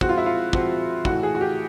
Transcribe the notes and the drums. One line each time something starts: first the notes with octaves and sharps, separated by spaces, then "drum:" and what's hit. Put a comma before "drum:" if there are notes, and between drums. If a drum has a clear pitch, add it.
F3 G#3 C4 F#4, drum: kick
F4
E4
F4
F3 G#3 C4 F#4, drum: kick
A2 E3 A3 F#4, drum: kick
G#4
F#4
G4